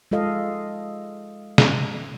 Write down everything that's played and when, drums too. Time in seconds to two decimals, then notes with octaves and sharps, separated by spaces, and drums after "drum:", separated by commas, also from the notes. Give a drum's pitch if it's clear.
0.11 G#3 F4 A4 D#5 F5
1.58 drum: snare